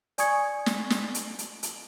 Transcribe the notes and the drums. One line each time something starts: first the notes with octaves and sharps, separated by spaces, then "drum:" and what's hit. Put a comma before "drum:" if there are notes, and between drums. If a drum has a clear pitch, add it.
D5 G#5 C#6 D#6 G#6 C#7, drum: hi-hat
drum: snare
drum: snare
drum: hi-hat
drum: hi-hat
drum: hi-hat